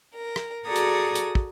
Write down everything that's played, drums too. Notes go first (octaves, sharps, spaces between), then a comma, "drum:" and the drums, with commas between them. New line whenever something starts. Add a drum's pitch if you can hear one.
A#4
drum: rim click
F#4 G#4 A4 D5 A#5 D#6
drum: hi-hat
drum: hi-hat
drum: kick